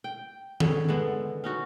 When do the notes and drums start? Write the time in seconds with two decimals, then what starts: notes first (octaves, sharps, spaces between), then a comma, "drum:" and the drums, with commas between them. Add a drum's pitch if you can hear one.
0.04 G5
0.60 D3 G#4 C#5, drum: tom D#3
0.89 D3 G#3 B3
1.44 C#4 D#4 F#4